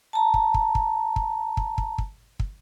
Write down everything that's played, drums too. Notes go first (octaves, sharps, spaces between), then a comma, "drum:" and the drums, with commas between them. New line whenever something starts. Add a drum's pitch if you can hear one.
A5 A#5
drum: kick
drum: kick
drum: kick
drum: kick
drum: kick
drum: kick
drum: kick
drum: kick